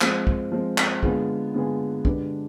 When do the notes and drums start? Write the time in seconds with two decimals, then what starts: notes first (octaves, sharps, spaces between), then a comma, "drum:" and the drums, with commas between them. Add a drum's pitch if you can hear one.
0.01 F3 G#3 C4, drum: clap
0.27 drum: kick
0.52 F3 G#3 C4
0.78 drum: clap
1.03 D3 G#3 B3 F4 G#4, drum: kick
1.54 D3 G#3 B3 F4 G#4
2.05 D3 G#3 D4 G4 B4, drum: kick